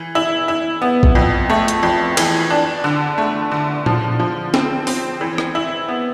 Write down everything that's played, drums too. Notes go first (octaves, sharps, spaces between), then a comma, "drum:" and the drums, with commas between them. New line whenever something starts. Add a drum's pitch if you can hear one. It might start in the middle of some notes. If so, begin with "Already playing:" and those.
Already playing: E3
E4
E4
B3
drum: kick A#1
F2
A3
drum: hi-hat
F2
E3, drum: cymbal
D4
D3
A3
D3
F3, drum: tom A#2
F3
C4, drum: snare
C4, drum: open hi-hat
E3
drum: rim click
E4
B3